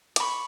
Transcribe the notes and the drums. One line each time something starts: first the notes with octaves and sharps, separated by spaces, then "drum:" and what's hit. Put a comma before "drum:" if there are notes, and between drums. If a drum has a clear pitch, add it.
D6, drum: hi-hat
B5 C#6